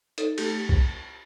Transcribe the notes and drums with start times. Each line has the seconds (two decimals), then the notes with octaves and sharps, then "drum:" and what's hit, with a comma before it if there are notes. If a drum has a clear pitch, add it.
0.18 D#4 A4, drum: hi-hat
0.38 A3 G4, drum: cymbal
0.69 drum: kick B1